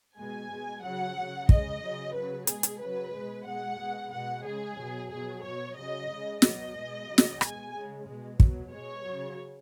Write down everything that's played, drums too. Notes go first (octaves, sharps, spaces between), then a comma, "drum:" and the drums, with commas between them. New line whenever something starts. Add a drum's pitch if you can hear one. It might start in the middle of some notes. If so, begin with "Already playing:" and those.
B2 G#3 G#5
B2 G#3
C#3 F#3 F#5
C#3 F#3
C#3 G#3 D#5, drum: kick
C#3 F#3
C#3 F#3 B4
B2 G#3 G#4, drum: hi-hat
drum: hi-hat
C#3 F#3 B4
B2 G#3
B2 G#3 F#5
B2 G#3
B2 G#3 F#5
C#3 G#3 G#4
B2 F#3
B2 F#3 G#4
B2 F#3 C#5
C#3 F#3 D#5
C#3 G#3
B2 F#3 D#5, drum: snare
B2 G#3
C#3 F#3
drum: snare
B2 G#3 G#5, drum: rim click
C#3 G#3
B2 G#3
B2 F#3, drum: kick
B2 G#3 C#5
C#3 F#3